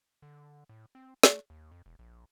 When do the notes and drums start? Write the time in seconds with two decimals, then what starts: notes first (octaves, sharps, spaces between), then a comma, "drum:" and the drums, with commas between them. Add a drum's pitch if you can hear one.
0.22 D3
0.69 A2
0.95 C4
1.23 A3, drum: snare
1.50 D#2
1.72 F2
1.86 E1
1.99 A#1